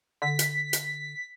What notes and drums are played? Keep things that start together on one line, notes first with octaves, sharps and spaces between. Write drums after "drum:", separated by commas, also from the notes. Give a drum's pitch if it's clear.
D3 B6
drum: hi-hat
drum: hi-hat